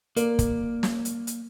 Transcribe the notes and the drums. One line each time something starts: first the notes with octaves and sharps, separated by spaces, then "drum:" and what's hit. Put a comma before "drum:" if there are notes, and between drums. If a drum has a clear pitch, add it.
A#3 A#4 D5, drum: hi-hat
drum: kick, hi-hat
drum: snare
drum: hi-hat
drum: hi-hat